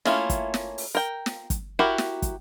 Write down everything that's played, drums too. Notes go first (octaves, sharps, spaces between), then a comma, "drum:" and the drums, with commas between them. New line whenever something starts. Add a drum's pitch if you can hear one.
A3 A#3 C#4 E4 F4, drum: snare
drum: kick, hi-hat
drum: snare
drum: open hi-hat
A#4 G5
drum: snare
drum: kick, hi-hat
E4 F#4 G4 A#4
drum: snare
drum: kick, hi-hat